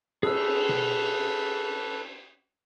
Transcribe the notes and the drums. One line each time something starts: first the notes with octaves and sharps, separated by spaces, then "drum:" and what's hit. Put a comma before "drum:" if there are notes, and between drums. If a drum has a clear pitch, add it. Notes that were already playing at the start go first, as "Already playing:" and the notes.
G#4 A4 B4 E6, drum: cymbal
drum: tom B2